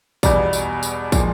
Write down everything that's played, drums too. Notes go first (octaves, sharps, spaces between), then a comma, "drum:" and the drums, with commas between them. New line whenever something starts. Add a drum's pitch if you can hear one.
E2 B2 G3 D5, drum: kick, tambourine
drum: tambourine
drum: tambourine
A#2 F3 G#3, drum: kick, tambourine